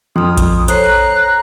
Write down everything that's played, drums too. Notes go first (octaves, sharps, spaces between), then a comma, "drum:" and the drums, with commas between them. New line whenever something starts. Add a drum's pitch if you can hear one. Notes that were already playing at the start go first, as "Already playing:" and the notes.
F2 C6 D#6 F6
drum: kick A#1, hi-hat
A4 C5 C#5 A#5 F#6 C7, drum: hi-hat